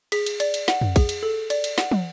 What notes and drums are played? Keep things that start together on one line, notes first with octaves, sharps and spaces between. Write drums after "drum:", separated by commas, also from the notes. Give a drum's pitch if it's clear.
G#4 B6, drum: cymbal
drum: cymbal
D5, drum: cymbal
drum: cymbal
F#5, drum: snare
drum: tom
G#4, drum: kick, cymbal
drum: cymbal
A4
D5, drum: cymbal
drum: cymbal
F#5, drum: snare
drum: tom